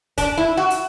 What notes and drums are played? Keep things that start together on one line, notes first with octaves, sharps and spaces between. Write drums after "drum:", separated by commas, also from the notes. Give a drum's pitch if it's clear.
D4, drum: kick, hi-hat
E4
F#4
drum: hi-hat